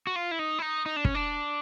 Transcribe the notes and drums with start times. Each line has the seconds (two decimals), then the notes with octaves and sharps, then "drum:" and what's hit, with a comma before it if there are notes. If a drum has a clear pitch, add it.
0.07 F#4
0.16 F4
0.31 E4
0.39 D#4
0.59 E4
0.62 D#4
0.86 D#4
0.96 D4
1.05 C#4, drum: kick
1.15 D4